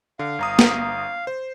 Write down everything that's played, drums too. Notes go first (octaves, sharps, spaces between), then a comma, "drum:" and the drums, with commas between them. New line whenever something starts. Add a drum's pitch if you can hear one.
D3 F5
G1 A#5 D#6
drum: snare
C5